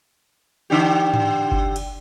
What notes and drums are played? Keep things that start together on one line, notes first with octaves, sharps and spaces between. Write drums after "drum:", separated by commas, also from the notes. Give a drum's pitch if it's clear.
D3 D4 G4
drum: tom G#2
drum: kick G1
drum: cymbal